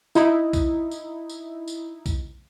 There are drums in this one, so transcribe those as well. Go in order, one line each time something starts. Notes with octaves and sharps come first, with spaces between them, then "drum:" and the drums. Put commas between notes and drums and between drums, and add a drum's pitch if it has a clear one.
D#4 E4, drum: tambourine
drum: kick A#1, tambourine
drum: tambourine
drum: tambourine
drum: tambourine
drum: kick A#1, tambourine